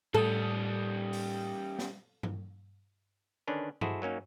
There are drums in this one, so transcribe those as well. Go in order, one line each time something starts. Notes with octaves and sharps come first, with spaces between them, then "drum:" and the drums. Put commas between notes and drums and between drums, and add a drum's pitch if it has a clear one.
A2 G3 C#4 A4 D#6
drum: open hi-hat
drum: snare
drum: tom G2
D3 D#3 C#4 D4 B4
E4 F#4 G#4 A4 C5 D#5, drum: tom G2
F#3 A#3 C#4 D#4